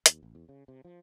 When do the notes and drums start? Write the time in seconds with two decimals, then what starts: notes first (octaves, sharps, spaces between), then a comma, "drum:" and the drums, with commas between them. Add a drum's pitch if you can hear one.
0.06 D#2, drum: hi-hat
0.23 A1
0.35 E2
0.49 C#3
0.68 C3
0.85 F3